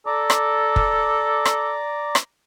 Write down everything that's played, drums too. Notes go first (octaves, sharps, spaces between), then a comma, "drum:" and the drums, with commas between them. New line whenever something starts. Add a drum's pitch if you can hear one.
A4 D5 A#5 D6
drum: rim click
drum: kick
drum: rim click
drum: rim click